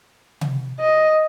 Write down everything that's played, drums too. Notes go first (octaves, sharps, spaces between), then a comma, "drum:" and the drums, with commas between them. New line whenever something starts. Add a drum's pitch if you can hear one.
drum: tom C3
D#5